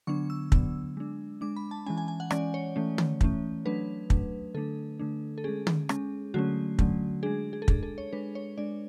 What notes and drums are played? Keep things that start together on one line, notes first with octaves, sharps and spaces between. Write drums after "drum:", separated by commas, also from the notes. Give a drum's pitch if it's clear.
D3 F#3 B3 D4 C#6
E6
D3 F#3 B3 D4 E6, drum: kick
G#3 D4
G#3 D4 D6
B5
A5
E3 G#3 C#4 G#5
G#5
G#5
F#5
E3 G#3 C#4 D5, drum: rim click
C#5
E3 A3 C#4
drum: tom
E3 A3 C#4, drum: kick
F#3 A3 D4 B4
F#3 A3 D4, drum: kick
D3 A3 D4 A4
D3 A3 D4
A4
G#3 C#4 G#4
drum: tom
G#3 C#4, drum: rim click
D3 F#3 A3 C#4 F#4
D3 F#3 A3 C#4, drum: kick
G#3 D4 G#4
G#4
A4
G#3 D4 G#4, drum: kick
A4
C#5
G#3 D4 B4
C#5
G#3 D4 D5